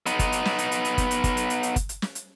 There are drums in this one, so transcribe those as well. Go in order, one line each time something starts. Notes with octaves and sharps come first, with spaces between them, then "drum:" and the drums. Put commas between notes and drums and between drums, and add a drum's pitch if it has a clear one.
B3 D#4, drum: hi-hat
drum: kick G1, hi-hat
drum: hi-hat
drum: snare
drum: hi-hat
drum: hi-hat
drum: hi-hat
drum: kick G1, hi-hat
drum: hi-hat
drum: kick G1, hi-hat
drum: hi-hat
drum: hi-hat
drum: hi-hat
drum: kick G1, hi-hat
drum: hi-hat
drum: snare
drum: hi-hat